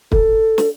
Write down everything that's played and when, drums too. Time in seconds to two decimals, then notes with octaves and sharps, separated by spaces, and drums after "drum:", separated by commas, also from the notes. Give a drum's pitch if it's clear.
0.12 A4, drum: kick
0.58 drum: snare